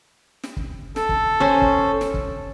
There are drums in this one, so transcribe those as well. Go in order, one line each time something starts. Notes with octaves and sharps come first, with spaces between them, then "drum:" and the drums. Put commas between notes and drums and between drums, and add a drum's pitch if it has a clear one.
drum: snare
drum: kick
A4, drum: snare
drum: kick
C#4 C5
drum: kick
drum: snare
drum: kick